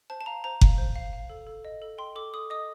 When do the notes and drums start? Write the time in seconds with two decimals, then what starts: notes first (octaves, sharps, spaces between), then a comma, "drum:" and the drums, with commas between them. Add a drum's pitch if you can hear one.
0.10 C5 A5
0.21 A5
0.26 F5 A#5
0.44 C5 A#5
0.61 F5, drum: kick F#1
0.78 C5
0.96 F5
1.13 F5
1.30 A4
1.47 A4
1.65 D#5
1.82 A4
1.98 G5 C6
2.15 A4 D6
2.34 A4 D#6
2.50 D#5 D#6